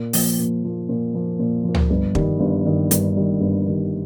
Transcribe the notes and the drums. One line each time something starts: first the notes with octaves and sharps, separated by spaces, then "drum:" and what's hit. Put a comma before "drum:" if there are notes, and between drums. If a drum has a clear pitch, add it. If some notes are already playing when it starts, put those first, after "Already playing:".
Already playing: A#2
F3 A#3, drum: open hi-hat
A#2
F3 A#3
A#2
F3 A#3
A#2
F3 A#3
drum: tom C#2
G1
G2 D#3, drum: kick
G1
G2 D#3
G1, drum: hi-hat
G2 D#3
G1
G2 D#3